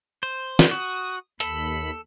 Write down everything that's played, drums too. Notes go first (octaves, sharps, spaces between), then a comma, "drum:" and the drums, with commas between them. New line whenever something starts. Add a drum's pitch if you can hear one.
C5
drum: snare
F#4 D#6
D#2 A4 B5, drum: hi-hat